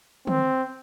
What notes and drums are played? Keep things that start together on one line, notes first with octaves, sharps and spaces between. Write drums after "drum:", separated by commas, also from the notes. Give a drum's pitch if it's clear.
C4, drum: tom